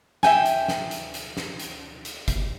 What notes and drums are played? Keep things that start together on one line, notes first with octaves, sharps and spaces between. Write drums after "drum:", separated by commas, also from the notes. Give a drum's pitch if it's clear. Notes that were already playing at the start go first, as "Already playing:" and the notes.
E5 G5 G#5, drum: snare
drum: hi-hat
drum: snare
drum: hi-hat
drum: hi-hat
drum: snare
drum: hi-hat
drum: hi-hat
drum: kick F#1, hi-hat